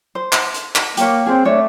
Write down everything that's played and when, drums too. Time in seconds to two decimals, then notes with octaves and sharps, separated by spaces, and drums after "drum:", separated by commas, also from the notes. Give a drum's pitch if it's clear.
0.15 C5
0.33 drum: clap
0.54 drum: hi-hat
0.76 drum: clap
0.97 A#3 G4 C#5, drum: hi-hat
1.26 C4 G#4 C5 C#5
1.45 A3 D4 C#5 D5